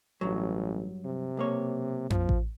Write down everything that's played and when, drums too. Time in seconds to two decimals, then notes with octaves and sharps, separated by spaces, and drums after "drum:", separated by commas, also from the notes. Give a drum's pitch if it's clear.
0.21 A1 G2 F#3
1.05 C3
1.37 B1 A#3 C#5
2.10 F3, drum: tom F2
2.29 drum: kick A1